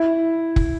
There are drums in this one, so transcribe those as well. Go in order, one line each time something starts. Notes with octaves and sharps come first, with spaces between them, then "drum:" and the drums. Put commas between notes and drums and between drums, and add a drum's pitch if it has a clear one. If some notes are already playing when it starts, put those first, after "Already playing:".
Already playing: E4
drum: kick